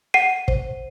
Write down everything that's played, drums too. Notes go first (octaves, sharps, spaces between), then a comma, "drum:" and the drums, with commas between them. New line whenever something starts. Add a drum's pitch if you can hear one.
F#5 C7 D#7
C5, drum: kick